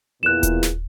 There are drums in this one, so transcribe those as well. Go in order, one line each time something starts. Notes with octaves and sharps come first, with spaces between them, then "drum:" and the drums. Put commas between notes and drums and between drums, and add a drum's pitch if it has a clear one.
E2 A#2 F#6 E7
drum: kick D#1, hi-hat
drum: snare